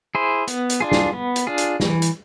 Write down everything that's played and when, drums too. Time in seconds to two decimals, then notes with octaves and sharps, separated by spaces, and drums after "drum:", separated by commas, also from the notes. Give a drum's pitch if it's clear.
0.15 E4 G#4 C5
0.47 B3, drum: hi-hat
0.70 drum: hi-hat
0.80 D4 F4 G#4
0.92 drum: snare
1.13 B3
1.36 drum: hi-hat
1.47 D4 F4 G#4
1.58 drum: hi-hat
1.80 E3, drum: snare
2.02 drum: hi-hat